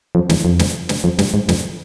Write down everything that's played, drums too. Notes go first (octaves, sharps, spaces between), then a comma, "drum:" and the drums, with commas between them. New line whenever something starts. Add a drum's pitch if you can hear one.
F2
E2, drum: snare
F2
drum: snare
drum: snare
F2
G2, drum: snare
G#2
F2, drum: snare